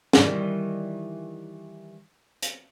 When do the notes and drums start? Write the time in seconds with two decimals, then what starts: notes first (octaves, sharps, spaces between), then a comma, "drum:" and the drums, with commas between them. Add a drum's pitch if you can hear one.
0.13 D#3 E3 G3, drum: snare
2.43 drum: hi-hat